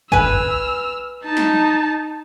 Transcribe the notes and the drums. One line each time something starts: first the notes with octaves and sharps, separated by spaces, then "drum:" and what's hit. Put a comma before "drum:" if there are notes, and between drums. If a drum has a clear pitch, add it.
B4 G#5 E6 F6, drum: kick G1
drum: tom
D#4 A5
drum: snare